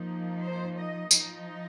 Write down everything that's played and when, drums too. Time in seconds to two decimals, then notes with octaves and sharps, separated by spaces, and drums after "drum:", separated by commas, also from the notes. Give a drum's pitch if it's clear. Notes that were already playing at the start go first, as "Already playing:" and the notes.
Already playing: F3 A#3 D#4
0.43 C5
0.77 D#5
1.11 F3 D#4, drum: tambourine